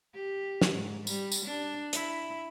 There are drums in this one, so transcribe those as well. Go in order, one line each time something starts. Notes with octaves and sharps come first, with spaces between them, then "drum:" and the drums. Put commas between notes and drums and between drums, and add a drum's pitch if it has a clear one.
G4
drum: snare
G#2
G3, drum: tambourine
drum: tambourine
D4
E4, drum: hi-hat